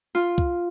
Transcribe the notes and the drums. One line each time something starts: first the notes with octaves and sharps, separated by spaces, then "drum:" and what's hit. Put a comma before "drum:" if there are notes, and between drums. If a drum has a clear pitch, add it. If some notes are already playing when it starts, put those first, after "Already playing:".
F4
drum: kick C2